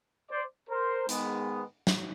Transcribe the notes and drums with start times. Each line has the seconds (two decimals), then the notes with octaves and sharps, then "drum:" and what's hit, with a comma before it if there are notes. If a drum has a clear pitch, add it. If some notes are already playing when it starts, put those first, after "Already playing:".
0.31 C5 D5
0.70 A#4 C5
1.09 G#2 D#3 G#3 B3, drum: hi-hat
1.87 drum: snare